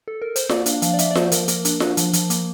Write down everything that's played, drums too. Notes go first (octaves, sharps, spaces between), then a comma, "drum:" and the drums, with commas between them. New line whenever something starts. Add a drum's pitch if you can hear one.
A4
A#4
C5, drum: hi-hat
A#3 D5, drum: snare F4
D4 F5, drum: hi-hat
F3 F5, drum: hi-hat
D5
A#3 E5, drum: hi-hat
D5
F3 C5, drum: snare F4
F3 A#4, drum: hi-hat
A#3 A#4, drum: hi-hat
D4, drum: hi-hat
D4, drum: snare F4
F3, drum: hi-hat
F3, drum: hi-hat
A#3, drum: hi-hat